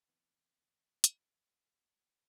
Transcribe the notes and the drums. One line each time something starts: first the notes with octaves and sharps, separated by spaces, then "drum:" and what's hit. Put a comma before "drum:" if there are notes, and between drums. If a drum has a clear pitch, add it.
E2 E3 B3 C4 A5
drum: hi-hat